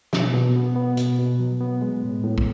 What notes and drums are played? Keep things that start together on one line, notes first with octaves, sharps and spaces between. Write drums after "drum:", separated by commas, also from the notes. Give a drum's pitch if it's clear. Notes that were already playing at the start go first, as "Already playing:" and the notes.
B2, drum: snare
B2
B3
B3
B2, drum: hi-hat
B2
F#3
B3
G#3
A2
A2
drum: kick